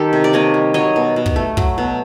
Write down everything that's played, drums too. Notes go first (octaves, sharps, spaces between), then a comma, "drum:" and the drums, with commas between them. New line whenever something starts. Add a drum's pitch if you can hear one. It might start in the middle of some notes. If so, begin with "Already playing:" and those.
Already playing: D#3 G3 G4 A4
C3
D5
A#3 C#5 D#5
G3
F#3 C#5 D#5
B2
B2
drum: kick
A3
F#3, drum: kick
B2